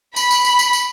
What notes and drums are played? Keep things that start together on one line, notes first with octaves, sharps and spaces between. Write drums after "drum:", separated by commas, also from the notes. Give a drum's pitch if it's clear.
B5, drum: tambourine
drum: tambourine
drum: tambourine
drum: tambourine
drum: tambourine